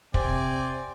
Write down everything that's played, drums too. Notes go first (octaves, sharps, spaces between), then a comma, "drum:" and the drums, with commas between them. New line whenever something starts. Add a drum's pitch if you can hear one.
C3 C4 D5 G#5, drum: kick